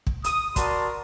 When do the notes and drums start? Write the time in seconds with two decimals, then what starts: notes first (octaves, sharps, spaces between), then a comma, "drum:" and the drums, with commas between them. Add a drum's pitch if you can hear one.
0.07 drum: kick
0.24 D#6, drum: hi-hat
0.56 F#4 A#4 D5 A5 C6, drum: kick, hi-hat